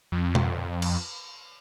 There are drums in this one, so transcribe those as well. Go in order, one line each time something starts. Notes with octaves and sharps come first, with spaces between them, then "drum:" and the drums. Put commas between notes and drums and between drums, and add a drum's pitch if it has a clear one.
F2
drum: tom B2
drum: cymbal